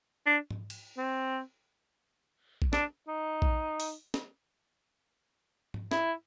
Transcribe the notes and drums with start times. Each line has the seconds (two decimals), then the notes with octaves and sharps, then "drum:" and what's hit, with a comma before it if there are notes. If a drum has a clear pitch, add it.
0.26 D4
0.51 drum: tom G#2
0.70 drum: cymbal
0.97 C4
2.62 drum: kick A#1
2.73 D4, drum: snare
3.08 D#4
3.42 drum: kick A#1
3.80 drum: open hi-hat
4.14 drum: snare
5.74 drum: tom G#2
5.92 E4, drum: snare